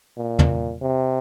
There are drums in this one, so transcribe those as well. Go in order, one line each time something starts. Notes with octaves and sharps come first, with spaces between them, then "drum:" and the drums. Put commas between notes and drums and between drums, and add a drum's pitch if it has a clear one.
A#2
drum: tom
C3